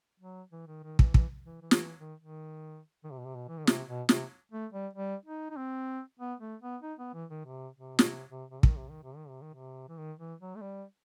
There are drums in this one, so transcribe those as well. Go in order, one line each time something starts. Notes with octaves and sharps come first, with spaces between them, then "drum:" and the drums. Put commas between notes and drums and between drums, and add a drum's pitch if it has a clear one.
F#3
E3
D#3
D#3
E3, drum: kick
E3, drum: kick
E3
E3
D#3, drum: snare
E3
D#3
D#3
D#3
C3
B2
C3
B2
E3
D#3
C3, drum: snare
B2
C3, drum: snare
A3
G3
G3
D#4
D#4
C4
B3
A3
B3
D#4
B3
E3
D#3
C3
C3
B2, drum: snare
C3
C3
C3
D#3, drum: kick
C3
D#3
C3
D#3
C3
D#3
C3
E3
D#3
E3
F#3
A3
G3